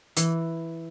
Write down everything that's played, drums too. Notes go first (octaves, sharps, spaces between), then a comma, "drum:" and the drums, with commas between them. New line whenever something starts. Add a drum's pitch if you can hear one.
E3, drum: hi-hat